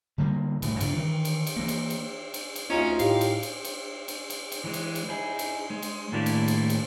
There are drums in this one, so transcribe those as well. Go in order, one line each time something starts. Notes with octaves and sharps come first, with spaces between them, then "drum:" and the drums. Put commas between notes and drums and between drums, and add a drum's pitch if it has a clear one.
D3 G3 A#3
D#1 A2 C#3, drum: cymbal
G2 C#3 D4, drum: cymbal
D#3 E3
drum: cymbal
drum: cymbal
E3 A#3
drum: cymbal
drum: cymbal
drum: cymbal
drum: cymbal
D2 C#4 D#4 F4
A2 G4 F5, drum: cymbal
drum: cymbal
drum: cymbal
drum: cymbal
drum: cymbal
drum: cymbal
drum: cymbal
E3 G#3
drum: cymbal
drum: cymbal
D#4 E4 G#4
drum: cymbal
G#3
drum: cymbal
A2 D#3 A#3 D4 E4 G4
drum: cymbal
drum: cymbal
drum: cymbal